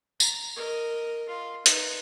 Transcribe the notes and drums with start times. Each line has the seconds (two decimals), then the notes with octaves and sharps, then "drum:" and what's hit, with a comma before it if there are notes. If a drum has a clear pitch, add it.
0.20 A#5, drum: tambourine
0.56 A#4 D#5
1.29 F4
1.66 D#4 B4, drum: hi-hat